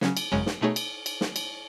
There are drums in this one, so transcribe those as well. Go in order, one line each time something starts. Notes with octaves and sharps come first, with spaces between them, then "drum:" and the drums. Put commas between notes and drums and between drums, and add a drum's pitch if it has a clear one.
C#3 F#3 C#4, drum: snare
drum: cymbal
G#1 F#2 C#3 G#3 C#4
drum: snare
B2 A3 D#4 G#4 C#5
drum: cymbal
drum: cymbal
drum: snare
drum: cymbal